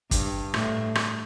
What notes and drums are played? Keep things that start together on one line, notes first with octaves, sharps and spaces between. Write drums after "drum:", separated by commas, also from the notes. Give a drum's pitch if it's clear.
G2, drum: kick, hi-hat
A2, drum: rim click
drum: rim click